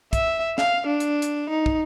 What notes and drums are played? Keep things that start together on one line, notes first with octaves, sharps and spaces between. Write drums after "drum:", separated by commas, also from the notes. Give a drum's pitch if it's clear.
E5, drum: kick, hi-hat
F5, drum: snare
D4
drum: hi-hat
drum: hi-hat
D#4
drum: kick